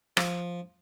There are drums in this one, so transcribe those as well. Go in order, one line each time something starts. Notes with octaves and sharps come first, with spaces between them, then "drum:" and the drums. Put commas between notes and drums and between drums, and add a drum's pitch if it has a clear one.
F3, drum: rim click